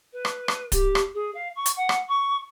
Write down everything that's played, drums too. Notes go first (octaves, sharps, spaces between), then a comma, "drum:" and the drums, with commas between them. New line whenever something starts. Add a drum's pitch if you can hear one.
B4
drum: rim click
drum: rim click
G4, drum: kick D1, hi-hat
drum: rim click
G#4
F5
C#6
drum: hi-hat
F#5
drum: rim click
C#6